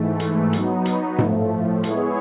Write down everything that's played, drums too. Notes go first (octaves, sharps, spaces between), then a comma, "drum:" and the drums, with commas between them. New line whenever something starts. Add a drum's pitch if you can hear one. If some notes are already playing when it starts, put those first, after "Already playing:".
Already playing: G#2 E3 A3
drum: hi-hat
F#3 B3 D#4, drum: hi-hat
drum: hi-hat
A2 F3 A3, drum: tom G#2
G#3 B3 E4 G#4 C#5, drum: hi-hat